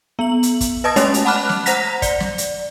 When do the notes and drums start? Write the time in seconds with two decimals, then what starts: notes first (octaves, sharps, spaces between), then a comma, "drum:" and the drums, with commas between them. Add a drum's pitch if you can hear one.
0.19 B3 F#7
0.43 drum: hi-hat
0.61 drum: kick, hi-hat
0.84 B4 D#5 A5 D#6 A#6
0.96 G#3 A3 C#4 C#5 A6 F7, drum: hi-hat
1.14 drum: hi-hat
1.25 F#5 A5 B5 D6 F6 F#6
1.49 drum: snare
1.66 C5 F#5 A#5 A#6 B6, drum: hi-hat
2.02 D5, drum: kick, hi-hat
2.20 drum: snare
2.38 drum: hi-hat